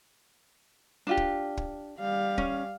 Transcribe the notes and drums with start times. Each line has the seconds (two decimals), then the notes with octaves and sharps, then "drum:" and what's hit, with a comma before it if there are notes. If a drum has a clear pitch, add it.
1.07 D4 F4 G4
1.17 drum: kick
1.57 drum: kick
2.00 G3 F5
2.38 C#4, drum: kick